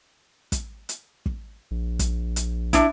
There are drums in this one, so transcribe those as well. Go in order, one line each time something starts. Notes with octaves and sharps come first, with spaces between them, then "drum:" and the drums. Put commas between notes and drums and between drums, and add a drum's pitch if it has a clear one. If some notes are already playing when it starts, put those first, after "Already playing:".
drum: kick, hi-hat
drum: hi-hat
drum: kick
A#1
drum: kick, hi-hat
drum: hi-hat
D4 E4, drum: kick, hi-hat